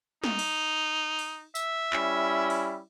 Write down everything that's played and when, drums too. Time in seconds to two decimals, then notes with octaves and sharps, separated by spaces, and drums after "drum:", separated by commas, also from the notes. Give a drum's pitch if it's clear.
0.24 D#4, drum: snare
0.39 drum: cymbal
1.19 drum: open hi-hat
1.55 E5, drum: tambourine
1.93 G3 C#4 E4, drum: clap
2.50 drum: open hi-hat